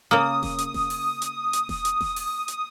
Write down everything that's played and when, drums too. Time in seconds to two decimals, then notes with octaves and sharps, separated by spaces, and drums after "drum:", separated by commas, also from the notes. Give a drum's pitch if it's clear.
0.11 C#3 A#3 D#6
0.43 drum: snare E1
0.58 drum: hi-hat
0.74 drum: snare E1
0.90 drum: open hi-hat
1.22 drum: hi-hat
1.53 drum: hi-hat
1.69 drum: snare E1
1.85 drum: hi-hat
2.01 drum: snare E1
2.16 drum: open hi-hat
2.48 drum: hi-hat